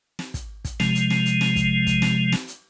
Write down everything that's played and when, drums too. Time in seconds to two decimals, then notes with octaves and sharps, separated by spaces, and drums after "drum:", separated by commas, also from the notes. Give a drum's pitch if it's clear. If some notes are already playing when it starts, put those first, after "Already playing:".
0.19 drum: snare
0.34 drum: kick, hi-hat
0.65 drum: kick, hi-hat
0.80 C3 F3 G#3, drum: snare
0.95 drum: hi-hat
1.10 drum: snare
1.26 drum: hi-hat
1.41 drum: snare
1.56 drum: kick, hi-hat
1.87 drum: kick, hi-hat
2.02 drum: snare
2.32 drum: snare
2.48 drum: hi-hat